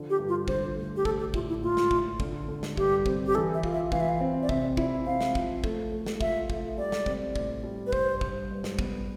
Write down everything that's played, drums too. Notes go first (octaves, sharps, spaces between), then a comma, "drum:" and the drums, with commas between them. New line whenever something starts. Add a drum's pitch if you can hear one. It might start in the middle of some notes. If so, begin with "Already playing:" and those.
Already playing: D3 F3
G4
G2
F4
D3 C5, drum: kick
A3
G4
A3 A4, drum: kick
G4
A2 F4, drum: kick
E4
A2 F4
drum: snare
A2, drum: kick
D3, drum: kick
D3
drum: snare
G2 G4, drum: kick
C4, drum: kick
G4
E3 A4
E5
F4, drum: kick
E5
E3 F5, drum: kick
E5
F5
C4
D5
C3 E5, drum: kick
E4, drum: kick
C4 F5
drum: snare
F3, drum: kick
A3, drum: kick
A3
drum: snare
F4 E5, drum: kick
A3, drum: kick
G3 D5
drum: snare
C4, drum: kick
A2, drum: kick
G3
B4
G2 C5, drum: kick
G2, drum: kick
G2
drum: snare
B3, drum: kick